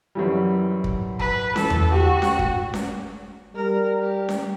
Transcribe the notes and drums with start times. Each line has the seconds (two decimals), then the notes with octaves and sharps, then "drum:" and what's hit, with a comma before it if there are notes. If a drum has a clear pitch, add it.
0.15 F#2 E3 G3
0.84 drum: kick
1.19 B4, drum: kick
1.56 E3 A4, drum: snare C#4
1.70 drum: tom E2
1.92 F#4 G4
2.22 drum: snare C#4
2.39 drum: kick
2.74 drum: snare C#4
3.55 G3 A#4
3.99 G4
4.29 drum: snare C#4